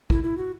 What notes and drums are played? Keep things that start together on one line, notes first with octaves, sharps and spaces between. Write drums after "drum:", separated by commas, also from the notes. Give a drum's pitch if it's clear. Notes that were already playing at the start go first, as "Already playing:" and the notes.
E4, drum: kick
E4
F#4